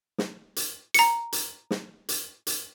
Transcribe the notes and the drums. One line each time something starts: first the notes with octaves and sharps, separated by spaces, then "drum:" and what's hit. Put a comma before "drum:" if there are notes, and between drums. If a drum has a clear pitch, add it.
drum: snare
drum: hi-hat
A#5 C#7, drum: hi-hat
drum: hi-hat
drum: snare
drum: hi-hat
drum: hi-hat